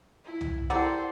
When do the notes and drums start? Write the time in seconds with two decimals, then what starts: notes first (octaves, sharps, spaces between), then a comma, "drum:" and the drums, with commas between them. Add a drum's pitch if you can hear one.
0.25 E4
0.41 drum: tom C2
0.70 G3 E4 G4 A4 A#4 C5 D5 F#5